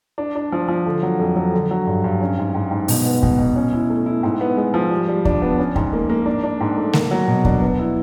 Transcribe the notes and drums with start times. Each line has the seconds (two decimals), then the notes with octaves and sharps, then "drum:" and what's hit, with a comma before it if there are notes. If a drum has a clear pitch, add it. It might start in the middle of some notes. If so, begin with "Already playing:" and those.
0.18 D4
0.36 D4
0.52 F3
0.68 F3
0.86 D3
1.03 F#3
1.19 F2
1.36 F#3
1.54 D3
1.71 F#3
1.87 G2
2.04 G2
2.21 C#4
2.38 G#2
2.55 G#2
2.71 G#2
2.88 B2, drum: open hi-hat
3.06 B3
3.23 B2, drum: kick D#2
3.39 B2
3.56 C#4
3.73 E4
3.90 A3
4.06 E4
4.23 G#2
4.41 B3
4.57 G#3
4.74 F3
4.91 G3
5.08 G3
5.25 D4, drum: kick D#2
5.42 B3
5.58 C#4
5.76 G#2, drum: kick D#2
5.93 A#3
6.10 A#3
6.26 D4
6.43 D4
6.61 G#2
6.77 A3
6.93 A#3, drum: snare G#3
7.11 F#3
7.28 B2
7.45 D4, drum: kick D#2
7.61 B3
7.79 E4